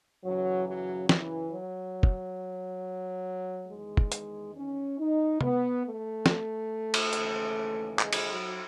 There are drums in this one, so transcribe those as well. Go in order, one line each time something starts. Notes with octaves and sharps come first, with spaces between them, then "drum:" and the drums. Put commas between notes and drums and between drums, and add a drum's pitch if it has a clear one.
F#2 C#3 E3 F#3
F#3
E3, drum: snare
F#3
drum: kick
E2 D#3 G#3
drum: kick
drum: hi-hat
C#4
D#4
B3, drum: tom C3
A3
drum: snare
drum: cymbal
D#2 C#3 E3, drum: hi-hat
G#3, drum: clap
drum: cymbal
F#3